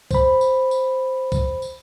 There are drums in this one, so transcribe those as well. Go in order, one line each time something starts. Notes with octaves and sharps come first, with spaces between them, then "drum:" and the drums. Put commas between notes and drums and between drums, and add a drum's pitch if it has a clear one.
C5 B5, drum: kick, tambourine
drum: tambourine
drum: tambourine
drum: kick, tambourine
drum: tambourine